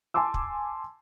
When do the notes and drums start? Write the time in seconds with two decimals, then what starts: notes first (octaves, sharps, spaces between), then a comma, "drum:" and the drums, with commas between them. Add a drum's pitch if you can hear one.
0.14 G#5 A5 C6 D6 E6
0.34 drum: kick